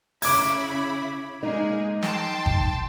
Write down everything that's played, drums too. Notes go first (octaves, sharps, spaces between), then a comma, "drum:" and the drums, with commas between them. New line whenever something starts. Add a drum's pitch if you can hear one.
C#3 E4 B5 D6 G#6, drum: open hi-hat
G#3 A#3 D#4 G#4
G5 A5 C6, drum: snare
drum: kick G1